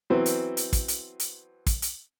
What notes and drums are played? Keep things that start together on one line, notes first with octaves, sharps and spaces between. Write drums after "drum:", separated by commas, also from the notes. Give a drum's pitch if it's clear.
E3 F#3 B3 C4 C5
drum: hi-hat
drum: hi-hat
drum: kick, hi-hat
drum: hi-hat
drum: hi-hat
drum: kick, hi-hat
drum: hi-hat